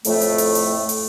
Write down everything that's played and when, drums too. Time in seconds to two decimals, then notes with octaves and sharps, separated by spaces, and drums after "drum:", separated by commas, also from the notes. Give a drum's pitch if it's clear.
0.05 F2 A2 A3, drum: open hi-hat
0.21 drum: hi-hat
0.38 drum: open hi-hat
0.55 drum: open hi-hat
0.89 drum: open hi-hat